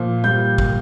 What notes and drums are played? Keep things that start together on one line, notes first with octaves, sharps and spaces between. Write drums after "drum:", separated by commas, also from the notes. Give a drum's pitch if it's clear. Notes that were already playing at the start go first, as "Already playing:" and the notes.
Already playing: A#2 F3
A#2 G3 G6
drum: kick